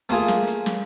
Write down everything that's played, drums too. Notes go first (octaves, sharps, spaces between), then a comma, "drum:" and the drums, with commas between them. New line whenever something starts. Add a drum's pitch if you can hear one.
A3 A#3 F4 G#4, drum: hi-hat
drum: snare
drum: hi-hat
drum: snare